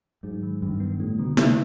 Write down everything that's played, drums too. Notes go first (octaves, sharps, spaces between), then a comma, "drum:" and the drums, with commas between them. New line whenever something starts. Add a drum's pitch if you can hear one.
G#2 F#3
D#3
G2 D#3
B3
A2 G3
B2 D3
C3 D#4, drum: snare E4